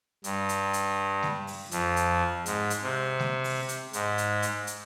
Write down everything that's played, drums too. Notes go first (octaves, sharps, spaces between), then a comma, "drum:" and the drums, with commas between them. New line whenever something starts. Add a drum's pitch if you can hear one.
G2, drum: hi-hat
drum: hi-hat
drum: hi-hat
drum: snare G#3
drum: open hi-hat
F2, drum: hi-hat
drum: hi-hat
G#2, drum: hi-hat
drum: hi-hat
C3
drum: snare G#3
drum: open hi-hat
drum: hi-hat
G#2, drum: hi-hat
drum: hi-hat
drum: hi-hat
drum: hi-hat